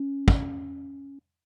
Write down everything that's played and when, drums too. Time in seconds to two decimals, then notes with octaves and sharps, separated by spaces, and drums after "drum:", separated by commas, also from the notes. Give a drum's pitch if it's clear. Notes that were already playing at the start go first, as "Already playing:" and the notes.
Already playing: C#4
0.28 drum: kick